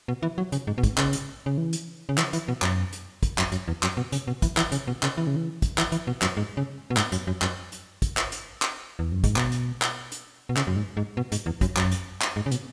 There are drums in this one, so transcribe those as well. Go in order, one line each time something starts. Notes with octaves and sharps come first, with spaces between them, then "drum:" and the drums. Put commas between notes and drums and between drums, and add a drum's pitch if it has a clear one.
B2
E3
F#3
C#3, drum: hi-hat
G#2
B2
G#2, drum: kick, hi-hat
C#3, drum: clap
drum: hi-hat
C#3
E3
drum: hi-hat
C#3
E3, drum: clap
E3, drum: hi-hat
B2
F#2, drum: clap
drum: hi-hat
drum: kick, hi-hat
F#2, drum: clap
F#2, drum: hi-hat
E2
F#2, drum: clap
B2
C#3, drum: hi-hat
B2
E3, drum: kick, hi-hat
E3, drum: clap
C#3, drum: hi-hat
B2
C#3, drum: clap
E3
C#3
E3
drum: kick, hi-hat
E3, drum: clap
E3, drum: hi-hat
B2
F#2, drum: clap
G#2
C#3
B2
G#2, drum: clap
F#2, drum: hi-hat
F#2
F#2, drum: clap
drum: hi-hat
drum: kick, hi-hat
drum: clap
drum: hi-hat
drum: clap
E2
F#2
G#2, drum: kick, hi-hat
B2, drum: clap
drum: hi-hat
drum: clap
drum: hi-hat
B2
C#3, drum: clap
F#2
G#2
G#2
B2
G#2, drum: hi-hat
E2
F#2, drum: kick, hi-hat
F#2, drum: clap
drum: hi-hat
drum: clap
G#2
C#3
B2, drum: hi-hat